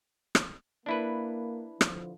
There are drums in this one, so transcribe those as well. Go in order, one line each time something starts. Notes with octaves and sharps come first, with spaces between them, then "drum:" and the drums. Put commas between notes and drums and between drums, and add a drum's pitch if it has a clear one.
drum: rim click
A#3 D4 E4 B4
D3 F3, drum: rim click